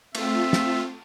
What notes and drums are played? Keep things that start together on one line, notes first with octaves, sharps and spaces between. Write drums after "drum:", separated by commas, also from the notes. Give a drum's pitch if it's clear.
A3 C4 F4 E5, drum: cymbal
drum: snare